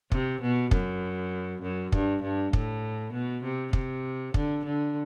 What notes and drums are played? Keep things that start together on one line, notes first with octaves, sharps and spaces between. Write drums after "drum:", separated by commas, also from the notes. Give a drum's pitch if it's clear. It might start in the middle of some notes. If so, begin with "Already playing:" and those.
C3, drum: kick
B2
F#2, drum: kick
F#2
G2, drum: kick
G2
A2, drum: kick
B2
C3
C3, drum: kick
D3, drum: kick
D3